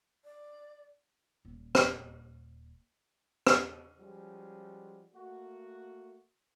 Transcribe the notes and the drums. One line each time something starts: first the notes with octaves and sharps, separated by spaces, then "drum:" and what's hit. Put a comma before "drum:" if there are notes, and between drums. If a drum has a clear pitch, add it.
D5
D#1 A#2
drum: rim click
drum: rim click
F3 G3 G#3 C#4 F#4
A3 A#3 F#4